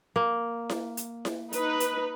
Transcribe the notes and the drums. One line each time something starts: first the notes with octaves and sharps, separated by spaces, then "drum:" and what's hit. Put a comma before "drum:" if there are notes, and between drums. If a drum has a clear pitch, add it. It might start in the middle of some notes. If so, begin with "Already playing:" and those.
A#3
drum: snare E4
drum: hi-hat
drum: snare E4
D#4 B4, drum: hi-hat
drum: hi-hat